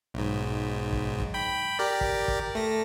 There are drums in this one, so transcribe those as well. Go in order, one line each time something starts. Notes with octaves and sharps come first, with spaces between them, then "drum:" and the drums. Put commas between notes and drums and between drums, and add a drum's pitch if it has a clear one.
B1 G#2
drum: kick
drum: kick
G5 B5
G4 A#4 D5
drum: kick
drum: kick
A3 A#6